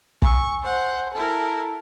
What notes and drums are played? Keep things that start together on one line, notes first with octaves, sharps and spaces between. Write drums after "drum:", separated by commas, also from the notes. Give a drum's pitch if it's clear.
G#5 C#6 E6, drum: kick
C5 F#5
E4 A4 A#4